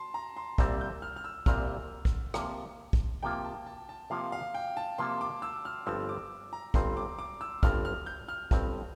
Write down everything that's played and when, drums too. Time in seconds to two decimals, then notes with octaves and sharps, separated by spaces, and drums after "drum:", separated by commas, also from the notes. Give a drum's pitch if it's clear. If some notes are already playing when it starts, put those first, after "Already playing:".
Already playing: A5 C6
0.14 A#5
0.37 C6
0.58 C2 A#2 G3 C4 E6, drum: kick
0.81 G6
1.02 F6
1.16 F6
1.24 E6
1.46 C2 A#2 G3 C4 F6, drum: kick
2.05 drum: kick
2.34 C3 F3 A#3 F4, drum: rim click
2.93 drum: kick
3.23 C3 F3 A#3 F4 G5
3.45 A5
3.66 A5
3.89 A5
4.10 C3 F3 A#3 F4 F5
4.32 F5
4.54 G5
4.77 A5
4.98 C3 F3 A#3 F4 C6
5.21 D6
5.42 E6
5.65 F6
5.86 G1 G2 F3 C4 E6
6.09 D6
6.53 A#5
6.74 G1 G2 F3 C4 C6, drum: kick
6.97 D6
7.19 D6
7.41 E6
7.63 G1 G2 F3 C4 F6, drum: kick
7.85 F6
8.06 G6
8.29 F6
8.51 G1 G2 F3 C4, drum: kick